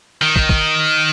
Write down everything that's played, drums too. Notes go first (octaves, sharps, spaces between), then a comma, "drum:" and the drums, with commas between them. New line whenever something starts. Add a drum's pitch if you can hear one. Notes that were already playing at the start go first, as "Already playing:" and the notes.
D#3
drum: kick
drum: kick